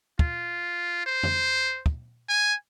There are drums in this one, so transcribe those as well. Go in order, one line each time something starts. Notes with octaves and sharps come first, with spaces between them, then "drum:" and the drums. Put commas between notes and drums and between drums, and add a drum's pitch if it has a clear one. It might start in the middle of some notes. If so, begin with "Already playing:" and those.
F4, drum: kick
C5
drum: tom F2
drum: kick
G#5